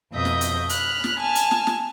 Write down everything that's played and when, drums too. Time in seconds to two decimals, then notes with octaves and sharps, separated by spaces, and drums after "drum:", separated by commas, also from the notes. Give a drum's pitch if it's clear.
0.14 F2 B2 D#5 E5 D#6 G6
0.25 drum: snare
0.41 drum: hi-hat
0.69 B5 F6 F#6, drum: hi-hat
1.04 drum: snare
1.20 G#5 A5 F6
1.35 drum: hi-hat
1.51 drum: snare
1.67 drum: snare